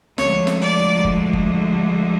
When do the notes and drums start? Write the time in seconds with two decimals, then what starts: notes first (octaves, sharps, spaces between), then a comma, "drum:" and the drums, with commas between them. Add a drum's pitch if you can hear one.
0.18 D2 D3 F3 G#3 C#5, drum: snare
0.47 drum: snare
0.61 D5
1.04 drum: kick F#1
1.33 drum: kick F#1